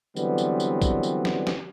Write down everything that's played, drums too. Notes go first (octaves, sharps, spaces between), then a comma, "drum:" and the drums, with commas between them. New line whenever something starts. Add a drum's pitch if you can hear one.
D3 E3 F#3 G3 B3 C4, drum: tambourine
drum: tambourine
drum: tambourine
drum: kick, tambourine
drum: tambourine
drum: snare
drum: snare